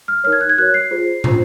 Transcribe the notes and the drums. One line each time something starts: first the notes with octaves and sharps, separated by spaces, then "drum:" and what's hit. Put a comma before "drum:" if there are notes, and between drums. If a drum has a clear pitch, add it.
F6
D#4 A#4 C#5 F6
G#6
F#6
G#6
F#4 A#4 C#5 F#6
C7
F4 G#4 C5
F4 C5, drum: tom